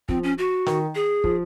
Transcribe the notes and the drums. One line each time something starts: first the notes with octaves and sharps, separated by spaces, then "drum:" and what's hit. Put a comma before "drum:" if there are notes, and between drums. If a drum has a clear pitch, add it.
F3 C4, drum: kick
C#4
F#4
D#3, drum: snare
G#4
F3, drum: kick